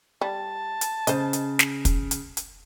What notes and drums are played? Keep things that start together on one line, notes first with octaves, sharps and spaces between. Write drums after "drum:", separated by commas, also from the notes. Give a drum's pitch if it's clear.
G3 A5
drum: hi-hat
C#3 C5 D#5, drum: hi-hat
drum: hi-hat
drum: snare
drum: kick, hi-hat
drum: hi-hat
drum: hi-hat